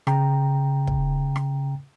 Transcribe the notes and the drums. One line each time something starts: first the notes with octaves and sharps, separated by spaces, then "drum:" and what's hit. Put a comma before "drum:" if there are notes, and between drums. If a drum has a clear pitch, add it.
C#3 G5 A#5, drum: rim click
drum: kick
drum: rim click